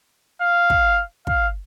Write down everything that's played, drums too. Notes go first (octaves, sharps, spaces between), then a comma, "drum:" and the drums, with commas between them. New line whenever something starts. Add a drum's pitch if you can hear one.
F5
drum: kick
F5, drum: kick